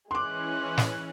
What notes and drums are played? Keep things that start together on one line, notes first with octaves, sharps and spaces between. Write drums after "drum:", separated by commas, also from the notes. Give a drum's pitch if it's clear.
E3 G#3 C#4 C6 D6 F#6
drum: snare